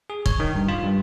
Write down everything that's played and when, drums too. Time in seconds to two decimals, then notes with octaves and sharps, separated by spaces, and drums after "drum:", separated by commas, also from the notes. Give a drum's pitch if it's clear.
0.10 G#4
0.26 C#5, drum: kick
0.40 D#3
0.55 G2
0.68 F4
0.83 G2